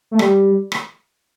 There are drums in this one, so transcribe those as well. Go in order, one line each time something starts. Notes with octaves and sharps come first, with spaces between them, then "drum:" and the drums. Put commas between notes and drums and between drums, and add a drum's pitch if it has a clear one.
A3
G3, drum: rim click
drum: rim click